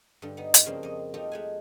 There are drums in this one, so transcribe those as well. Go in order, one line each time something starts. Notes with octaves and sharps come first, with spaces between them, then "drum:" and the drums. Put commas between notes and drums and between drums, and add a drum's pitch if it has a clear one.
G2 D3
B3 D#4
drum: hi-hat
C#3 F3 A#3 C4 D4
F2 D#5
D#4 F4 G4 A4 A#4
G#3 A3 G#5